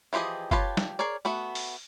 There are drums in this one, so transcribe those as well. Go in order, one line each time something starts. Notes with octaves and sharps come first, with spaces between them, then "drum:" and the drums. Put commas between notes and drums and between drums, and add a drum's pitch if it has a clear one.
E3 F3 G4 G#4 D#5
F4 G4 B4 C#5 A5, drum: kick F#1
drum: snare
G#4 A#4 C#5 D5
A3 B3 F#4
drum: open hi-hat